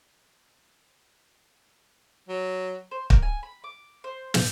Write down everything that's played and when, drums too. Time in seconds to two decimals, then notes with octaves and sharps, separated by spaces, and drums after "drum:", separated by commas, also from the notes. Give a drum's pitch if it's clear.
2.29 F#3
2.91 C5
3.10 A#4, drum: kick
3.22 G#5
3.43 B5
3.64 D6
4.04 C5
4.34 G6, drum: snare